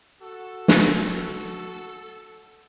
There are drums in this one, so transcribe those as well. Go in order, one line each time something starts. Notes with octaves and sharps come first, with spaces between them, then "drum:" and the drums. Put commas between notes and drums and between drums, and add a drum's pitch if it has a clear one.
F#4 A4
drum: snare